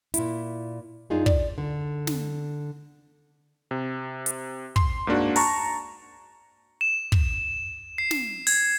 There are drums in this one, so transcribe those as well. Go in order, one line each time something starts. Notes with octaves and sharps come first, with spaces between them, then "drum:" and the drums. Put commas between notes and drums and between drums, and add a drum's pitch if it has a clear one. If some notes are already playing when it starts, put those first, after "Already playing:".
A#2 E4, drum: hi-hat
F#2 D4 D#4 F4 G#4
D5, drum: kick
D3
drum: snare
C3
drum: hi-hat
C6, drum: kick
G#2 A#3 D4 F#4
A5 A#5 C#6, drum: open hi-hat
E7
drum: kick
C7
drum: snare
G#6, drum: open hi-hat